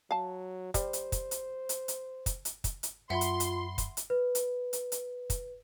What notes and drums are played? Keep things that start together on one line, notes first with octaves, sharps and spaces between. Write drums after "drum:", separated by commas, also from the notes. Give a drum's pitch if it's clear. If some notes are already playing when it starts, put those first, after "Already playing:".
F#3 F5 A5
G3 C5, drum: kick, hi-hat
drum: hi-hat
drum: kick, hi-hat
drum: hi-hat
drum: hi-hat
drum: hi-hat
drum: kick, hi-hat
drum: hi-hat
drum: kick, hi-hat
drum: hi-hat
F#2 F4 E5 F#5 B5 C6
drum: hi-hat
drum: hi-hat
drum: kick, hi-hat
drum: hi-hat
B4
drum: hi-hat
drum: hi-hat
drum: hi-hat
drum: kick, hi-hat